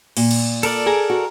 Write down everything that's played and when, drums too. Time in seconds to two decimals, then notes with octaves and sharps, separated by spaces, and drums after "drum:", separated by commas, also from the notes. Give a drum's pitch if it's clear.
0.17 A#2, drum: open hi-hat
0.31 drum: cymbal
0.63 A4 A#4 D5, drum: cymbal
0.86 G#4 G#5 A#5
1.10 F#4